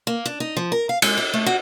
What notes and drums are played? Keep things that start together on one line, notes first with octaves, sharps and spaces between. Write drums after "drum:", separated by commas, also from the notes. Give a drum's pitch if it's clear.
A#3
D4
D#4
F3
A#4
F5
G#3, drum: cymbal
E4
A3
F#4